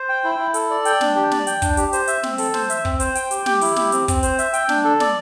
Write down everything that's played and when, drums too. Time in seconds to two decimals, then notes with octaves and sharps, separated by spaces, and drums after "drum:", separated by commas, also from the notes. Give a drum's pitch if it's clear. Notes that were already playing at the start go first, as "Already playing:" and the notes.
Already playing: C5
0.09 G5
0.24 E4
0.39 E4
0.54 A4, drum: hi-hat
0.70 D5
0.85 G5, drum: hi-hat
1.01 D4, drum: snare
1.15 G4
1.31 D5, drum: snare
1.47 G5, drum: hi-hat
1.62 D4, drum: kick, hi-hat
1.77 G4, drum: hi-hat
1.93 C5, drum: hi-hat
2.08 E5, drum: hi-hat
2.23 C4, drum: snare
2.38 A4, drum: open hi-hat
2.54 C5, drum: snare
2.70 E5, drum: hi-hat
2.85 C4, drum: kick
3.00 C5, drum: hi-hat
3.15 G5, drum: hi-hat
3.31 G4, drum: hi-hat
3.46 G4, drum: snare
3.61 E4, drum: open hi-hat
3.76 G4, drum: snare
3.92 C4, drum: hi-hat
4.08 C4, drum: kick, hi-hat
4.23 C5, drum: hi-hat
4.39 E5, drum: hi-hat
4.53 G5, drum: hi-hat
4.69 D4, drum: snare
4.84 A4
5.00 D5, drum: snare